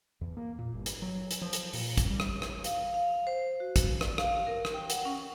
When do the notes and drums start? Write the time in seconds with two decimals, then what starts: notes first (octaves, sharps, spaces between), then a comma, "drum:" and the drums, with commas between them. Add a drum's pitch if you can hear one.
0.21 E2
0.37 A#3
0.59 A#2
0.74 G1
0.86 drum: hi-hat
1.02 F#3
1.31 drum: hi-hat
1.41 F3
1.53 drum: hi-hat
1.73 A#2, drum: open hi-hat
1.97 drum: kick, hi-hat
2.10 G3
2.20 drum: rim click
2.42 drum: rim click
2.64 F5, drum: hi-hat
2.94 F5
3.27 C5
3.60 F#4
3.76 drum: kick, hi-hat
4.01 D5, drum: rim click
4.18 F5, drum: rim click
4.47 A#4
4.65 drum: rim click
4.74 G5
4.90 F#5, drum: hi-hat
5.05 C#4